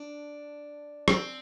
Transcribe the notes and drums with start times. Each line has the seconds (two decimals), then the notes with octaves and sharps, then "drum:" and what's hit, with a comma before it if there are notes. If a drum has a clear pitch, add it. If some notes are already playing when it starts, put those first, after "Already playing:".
Already playing: D4
1.08 C4, drum: rim click